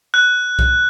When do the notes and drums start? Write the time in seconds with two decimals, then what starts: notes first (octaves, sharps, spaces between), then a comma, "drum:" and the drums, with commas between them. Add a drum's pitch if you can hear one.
0.14 F#6
0.59 drum: kick